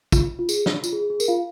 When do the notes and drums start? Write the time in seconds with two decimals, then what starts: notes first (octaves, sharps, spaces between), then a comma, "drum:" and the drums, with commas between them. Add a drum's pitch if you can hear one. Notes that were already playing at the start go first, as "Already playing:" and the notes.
0.12 F4, drum: kick, tambourine
0.39 F4
0.49 G#4, drum: tambourine
0.66 drum: snare
0.84 F4, drum: tambourine
0.93 G#4
1.10 G#4
1.20 A#4, drum: tambourine
1.28 F4 F5